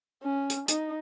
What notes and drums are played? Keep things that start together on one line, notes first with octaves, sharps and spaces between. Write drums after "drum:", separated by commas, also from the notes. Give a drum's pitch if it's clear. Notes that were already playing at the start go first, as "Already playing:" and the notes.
C#4
drum: hi-hat
D#4, drum: hi-hat